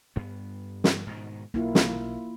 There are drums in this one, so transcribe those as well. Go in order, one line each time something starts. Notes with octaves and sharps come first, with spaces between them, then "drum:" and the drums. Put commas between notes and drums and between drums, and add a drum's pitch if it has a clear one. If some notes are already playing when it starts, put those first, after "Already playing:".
G2 B3
drum: snare
G#2 B2 D#3
B1 A#3 E4 F4
drum: snare